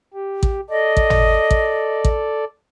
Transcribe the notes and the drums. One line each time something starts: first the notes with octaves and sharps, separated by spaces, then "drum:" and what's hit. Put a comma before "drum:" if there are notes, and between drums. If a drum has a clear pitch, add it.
G4
drum: kick A1
A4 D5 D#5
drum: kick A1
drum: tom G#1
drum: kick A1
drum: kick A1